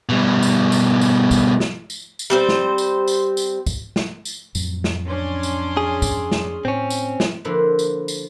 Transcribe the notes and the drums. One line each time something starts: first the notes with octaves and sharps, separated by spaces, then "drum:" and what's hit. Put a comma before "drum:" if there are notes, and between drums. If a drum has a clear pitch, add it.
B2 G3
drum: tambourine
drum: tambourine
drum: tambourine
drum: kick C2, tambourine
drum: snare
drum: tambourine
drum: tambourine
G3 C4 C5
drum: snare
drum: tambourine
drum: tambourine
drum: tambourine
drum: kick C2, tambourine
drum: snare
drum: tambourine
F2 A2 F#3, drum: tambourine
drum: snare
C#4 D4 C6
drum: tambourine
G#4
drum: kick C2, tambourine
drum: snare
A2 C4 C#4
drum: tambourine
drum: snare
D3 F3 A#3 E4 B4 C5
drum: tambourine
drum: tambourine